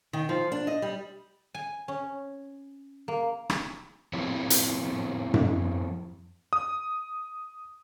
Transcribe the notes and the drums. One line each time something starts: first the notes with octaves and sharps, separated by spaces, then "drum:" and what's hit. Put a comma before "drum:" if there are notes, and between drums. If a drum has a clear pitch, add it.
D#3
F3
D4
D#5
G3
G#5
C#4
A#3
drum: rim click
F3 C4 E4 G4 C#5
drum: hi-hat
drum: tom F#2
D#6